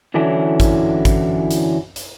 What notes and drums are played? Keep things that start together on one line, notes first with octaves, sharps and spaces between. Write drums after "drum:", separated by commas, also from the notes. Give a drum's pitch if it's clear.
D3 E3 F#3 C#4 D4 E4
drum: kick, hi-hat
drum: kick, hi-hat
drum: hi-hat
drum: hi-hat